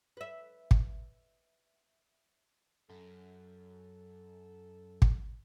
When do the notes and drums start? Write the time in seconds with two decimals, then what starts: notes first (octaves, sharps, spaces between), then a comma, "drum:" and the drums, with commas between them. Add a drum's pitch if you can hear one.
0.17 B4 E5
0.71 drum: kick
2.89 F#2 A4
5.02 drum: kick